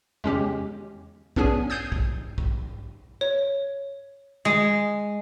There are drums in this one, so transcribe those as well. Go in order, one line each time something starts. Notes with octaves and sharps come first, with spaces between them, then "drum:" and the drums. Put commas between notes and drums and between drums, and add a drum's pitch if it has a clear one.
G#3 C#4 G4, drum: tom
B3 C#4 D4 G#4 G#5, drum: kick
D#6 G6 G#6 C7 D#7
drum: kick
drum: kick
C#5
G#3